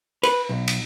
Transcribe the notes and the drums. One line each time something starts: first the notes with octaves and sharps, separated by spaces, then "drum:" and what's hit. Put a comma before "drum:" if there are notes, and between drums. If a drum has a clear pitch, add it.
B4, drum: cymbal
B1
drum: cymbal